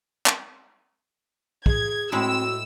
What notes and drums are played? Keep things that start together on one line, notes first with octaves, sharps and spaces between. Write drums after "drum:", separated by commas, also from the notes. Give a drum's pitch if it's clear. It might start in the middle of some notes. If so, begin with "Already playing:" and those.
drum: clap
G#4 G#6, drum: kick
A2 G#3 C4 E4 F#4 E6